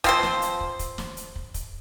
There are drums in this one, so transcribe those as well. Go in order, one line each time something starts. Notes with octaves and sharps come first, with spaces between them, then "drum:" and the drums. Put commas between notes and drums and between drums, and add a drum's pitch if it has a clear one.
F3 C4 C5, drum: kick, hi-hat
drum: snare
drum: hi-hat
drum: kick
drum: kick, hi-hat
drum: snare
drum: hi-hat
drum: kick
drum: kick, hi-hat